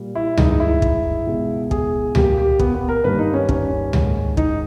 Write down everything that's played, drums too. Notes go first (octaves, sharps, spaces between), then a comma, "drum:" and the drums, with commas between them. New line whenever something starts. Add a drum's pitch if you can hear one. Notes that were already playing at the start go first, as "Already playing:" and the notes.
Already playing: A#2 G3 A#3
E4
G2 E3 G#3 D#4, drum: tom C#2
D#4
E4
drum: kick
C#2 B2 G#3
G#4, drum: kick
A#2 A#3 G4, drum: tom C#2
G4
B3, drum: kick
B3
A#4
G2 D#3 G3 A#3 B4
D#4
C#4
C#4, drum: kick
G#2 D#3 G#3, drum: tom C#2
D#4, drum: kick